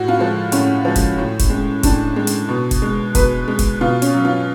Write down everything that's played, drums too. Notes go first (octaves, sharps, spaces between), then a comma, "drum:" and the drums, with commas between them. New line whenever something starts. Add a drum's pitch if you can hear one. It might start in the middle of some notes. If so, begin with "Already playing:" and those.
Already playing: A2 F#4
F4
F3 G#3
A2 C#4, drum: hi-hat
F3 G#3
drum: kick F1, hi-hat
A2
drum: kick F1, hi-hat
G#3
A2 D4, drum: kick F1, hi-hat
G#3
drum: hi-hat
B2
drum: kick F1, hi-hat
G#3
B2 B4, drum: kick F1, hi-hat
G#3
drum: kick F1, hi-hat
B2 F4
C#4, drum: hi-hat
F#3
F4